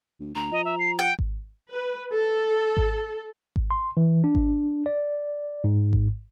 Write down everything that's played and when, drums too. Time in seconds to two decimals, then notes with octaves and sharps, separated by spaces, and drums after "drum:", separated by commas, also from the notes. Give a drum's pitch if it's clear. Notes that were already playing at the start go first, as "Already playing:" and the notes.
0.20 D2
0.35 D2 A#5
0.52 F3 D#5
0.65 E5
0.79 C7
0.99 F#5 G5
1.19 drum: kick G#1
1.71 B4
2.10 A4
2.77 drum: kick G#1
3.56 drum: kick G#1
3.71 C6
3.97 E3
4.24 D4
4.35 drum: kick G#1
4.86 D5
5.64 G#2
5.93 drum: kick G#1